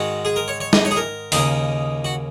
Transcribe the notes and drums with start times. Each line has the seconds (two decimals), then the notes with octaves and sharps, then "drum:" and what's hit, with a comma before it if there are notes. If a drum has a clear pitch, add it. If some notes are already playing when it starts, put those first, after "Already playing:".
Already playing: G#2 D#3 G#3 F#4
0.25 G#4
0.36 A#4
0.48 C#5
0.60 C#5
0.73 D#5, drum: snare
0.85 C#5
0.91 G#4
0.96 A#4
1.32 D#2 C#3 A#3 D#4, drum: open hi-hat
2.05 F#4